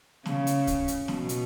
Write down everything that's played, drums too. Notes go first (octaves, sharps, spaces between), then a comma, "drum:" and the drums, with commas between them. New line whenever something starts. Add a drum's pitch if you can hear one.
C#3, drum: snare
drum: hi-hat
drum: kick, hi-hat
drum: hi-hat
B2, drum: snare
drum: hi-hat